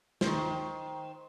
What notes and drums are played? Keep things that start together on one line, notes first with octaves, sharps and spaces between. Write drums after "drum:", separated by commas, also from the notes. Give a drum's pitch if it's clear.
D#3 C5, drum: snare